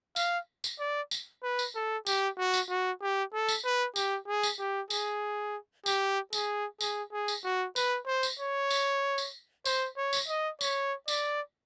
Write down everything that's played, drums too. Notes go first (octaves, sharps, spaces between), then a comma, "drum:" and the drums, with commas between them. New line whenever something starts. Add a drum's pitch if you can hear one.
F5, drum: tambourine
drum: tambourine
D5
drum: tambourine
B4
drum: tambourine
A4
G4, drum: tambourine
F#4
drum: tambourine
F#4
G4
A4
drum: tambourine
B4
G4, drum: tambourine
G#4
drum: tambourine
G4
G#4, drum: tambourine
G4, drum: tambourine
G#4, drum: tambourine
G#4, drum: tambourine
G#4
drum: tambourine
F#4
B4, drum: tambourine
C5
drum: tambourine
C#5
drum: tambourine
drum: tambourine
C5, drum: tambourine
C#5
drum: tambourine
D#5
C#5, drum: tambourine
D5, drum: tambourine